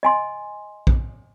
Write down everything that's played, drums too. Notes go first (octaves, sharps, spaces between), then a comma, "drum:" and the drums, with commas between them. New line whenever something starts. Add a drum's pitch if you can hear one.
D#5 G#5 C6
drum: kick A#1